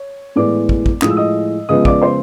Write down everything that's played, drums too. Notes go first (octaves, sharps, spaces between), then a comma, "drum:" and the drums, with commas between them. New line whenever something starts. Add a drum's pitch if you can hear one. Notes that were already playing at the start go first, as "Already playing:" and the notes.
Already playing: C#5
A2 E3 G#3 B3 D5 D6
drum: kick
drum: kick
A2 F3 G#3 D#6, drum: clap
E6
D#5 D#6
C#3 F3 G#3 B3 D#5 D#6
D5 D6, drum: kick
C5 C6